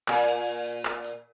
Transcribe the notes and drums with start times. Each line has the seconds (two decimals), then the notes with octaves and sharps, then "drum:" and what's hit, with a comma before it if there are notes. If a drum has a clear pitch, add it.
0.08 A#2, drum: clap
0.28 drum: hi-hat
0.47 drum: hi-hat
0.66 drum: hi-hat
0.85 drum: clap
1.04 drum: hi-hat